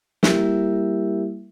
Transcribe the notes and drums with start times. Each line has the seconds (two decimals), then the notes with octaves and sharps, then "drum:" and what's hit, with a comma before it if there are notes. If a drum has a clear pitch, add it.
0.23 G3 A#3 E4 G4 A#4 E5, drum: snare